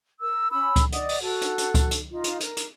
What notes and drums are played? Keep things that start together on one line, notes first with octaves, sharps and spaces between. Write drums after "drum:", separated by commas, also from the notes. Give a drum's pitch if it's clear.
A#4 E6
C#4 B5 E6
drum: kick C#2, hi-hat
D5 D#5 F#5 D#6, drum: hi-hat
drum: open hi-hat
F#4 A4
drum: hi-hat
drum: hi-hat
drum: kick C#2, hi-hat
drum: hi-hat
D#4 F4
drum: hi-hat
A#4, drum: hi-hat
drum: hi-hat